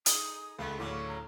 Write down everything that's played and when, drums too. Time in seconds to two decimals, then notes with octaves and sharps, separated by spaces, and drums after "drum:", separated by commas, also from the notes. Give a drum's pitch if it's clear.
0.06 D#4 G#4 D#6, drum: hi-hat
0.59 C#2 G#3 A3 B3
0.79 D2 A2 C#3 F#3 C#4 D6
1.07 A#5